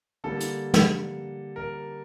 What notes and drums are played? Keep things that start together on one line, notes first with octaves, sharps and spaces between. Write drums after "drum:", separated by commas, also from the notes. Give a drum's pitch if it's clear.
D3 G3 A#3 A4
drum: hi-hat
drum: snare
A#4